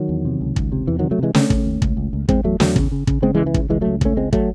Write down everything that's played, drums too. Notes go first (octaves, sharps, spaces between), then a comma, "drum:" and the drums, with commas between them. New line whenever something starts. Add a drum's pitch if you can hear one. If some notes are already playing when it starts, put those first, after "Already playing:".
Already playing: D#3 F#3
E2
C3
C#2
C#2, drum: kick
C3
E2 E3
C3 D#3 F#3
F#3 A3
C3 E3 G#3
C#3 A3 C#4, drum: snare
C#3, drum: kick
D#2
C#2, drum: kick
C#2
C#2
E2 G#3 C4, drum: kick
E2 F#3 A3
E2 F#3 A3, drum: snare
C#3, drum: kick
C#3
C#3, drum: kick
C#3 G#3 C4
C#2 E3 G#3
E3
C#3, drum: kick
C#2 E3 G#3
C#2 F#3 A3
C#3, drum: kick
A3 C#4
C#2 G#3 C4
F#3 A3, drum: kick